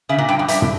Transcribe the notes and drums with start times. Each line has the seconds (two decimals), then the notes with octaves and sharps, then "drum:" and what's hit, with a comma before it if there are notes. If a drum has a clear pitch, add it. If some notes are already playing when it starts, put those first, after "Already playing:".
0.09 C#3 E5
0.18 A#2
0.29 G2 G5
0.39 F#2
0.48 G2 E5, drum: hi-hat
0.62 drum: tom